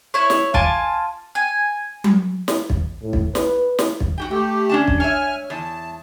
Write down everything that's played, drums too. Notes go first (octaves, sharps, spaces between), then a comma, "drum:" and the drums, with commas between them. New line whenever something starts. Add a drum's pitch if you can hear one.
E4 C#5
drum: snare
F4 G#5 A5 D6, drum: kick
G#5
drum: tom F#3
drum: snare
drum: kick
A2
drum: kick
B4, drum: snare
drum: snare
drum: kick
F#4 G4 G5
A3 G4 G5
C#4 D4 A5
drum: kick
C#5 E5 G#5 F6
E2 A5